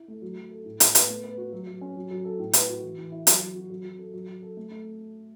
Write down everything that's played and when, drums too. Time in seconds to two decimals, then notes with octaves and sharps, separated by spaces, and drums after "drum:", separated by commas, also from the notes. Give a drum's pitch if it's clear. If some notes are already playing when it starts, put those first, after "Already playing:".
Already playing: E4
0.08 A3
0.22 F#3
0.36 F#3
0.51 A4
0.65 A2
0.80 A2, drum: hi-hat
0.95 B3, drum: hi-hat
1.09 A3
1.23 B4
1.38 F#4
1.53 F#3
1.67 F#3
1.81 C#4
1.96 F#3
2.11 F#3
2.25 A4
2.39 A2
2.53 B4, drum: hi-hat
2.69 F#4
2.83 E3
2.98 E3
3.12 E4
3.27 F#3, drum: hi-hat
3.41 F#3
3.55 F#4
3.70 F#3
3.84 F#3
3.99 A4
4.14 F#3
4.28 F#3
4.42 A4
4.57 A3
4.71 A3